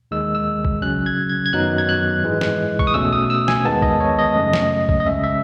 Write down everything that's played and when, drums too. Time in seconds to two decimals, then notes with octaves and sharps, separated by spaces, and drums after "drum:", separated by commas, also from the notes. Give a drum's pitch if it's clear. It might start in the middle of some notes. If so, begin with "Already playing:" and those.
0.11 D#2 D#3 G#3 E6
0.35 E6
0.65 drum: kick B1
0.82 C#3 F#3 C#4 F#6
1.06 G#6
1.29 G#6
1.46 G#6
1.53 F#2 D#3 F#3 B3 D#4 F#6
1.78 G#6
1.89 F#6
2.23 G#2 E3 G#3
2.41 drum: snare
2.79 C#6, drum: kick B1
2.87 D#6
2.94 B2 A3 C#4 E6
3.13 D#6
3.30 E6
3.48 G#5, drum: snare
3.65 E2 D#3 G#3 B3 A5
3.82 D#5, drum: kick B1
4.00 C#5
4.19 D#5
4.36 F#2 C#3 F#3 A3 C#4
4.53 drum: snare
4.89 drum: kick B1
5.00 D#5
5.06 C#3 G#3 C#4 E5
5.24 E5